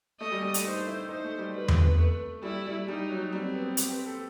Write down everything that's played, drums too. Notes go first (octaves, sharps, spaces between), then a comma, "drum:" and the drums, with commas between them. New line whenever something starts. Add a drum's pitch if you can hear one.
A3 D#5
G3
G3
A3, drum: hi-hat
D#4 C5
E4
D#4 C5
A3
G3
G3 B4
C4, drum: tom E2
B3
A3
G3 E4
G3
G3 D#4
F#3
G3 C4
B3
G4, drum: hi-hat
B4
A4